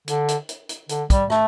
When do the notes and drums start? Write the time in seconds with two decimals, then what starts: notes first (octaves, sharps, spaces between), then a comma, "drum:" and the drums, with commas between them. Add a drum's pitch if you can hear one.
0.08 D3, drum: hi-hat
0.28 drum: hi-hat
0.49 drum: hi-hat
0.69 drum: hi-hat
0.89 D3, drum: hi-hat
1.10 G3, drum: kick, hi-hat
1.30 A3, drum: rim click